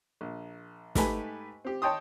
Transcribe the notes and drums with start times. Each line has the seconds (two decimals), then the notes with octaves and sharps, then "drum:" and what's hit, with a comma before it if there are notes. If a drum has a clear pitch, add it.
0.21 A#1
0.95 G#2 A3 G4 B4 G#5, drum: snare
1.65 C4 G4
1.82 C#5 D#5 G5 A5 C6 D#6